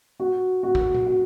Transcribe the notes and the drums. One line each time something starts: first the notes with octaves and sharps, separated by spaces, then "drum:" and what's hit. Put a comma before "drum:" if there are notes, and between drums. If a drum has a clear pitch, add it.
F#4
F#4
drum: kick
drum: tom A#2
F#4